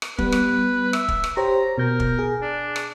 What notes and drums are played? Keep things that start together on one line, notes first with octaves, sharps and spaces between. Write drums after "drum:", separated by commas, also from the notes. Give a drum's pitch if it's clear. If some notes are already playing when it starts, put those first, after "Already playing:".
drum: rim click
G3 B3 B4, drum: kick
drum: rim click
E5, drum: rim click
drum: kick
drum: rim click
G4 C5 C#5 A#5
B2 A#4 G6
drum: kick
G#4
D4
drum: rim click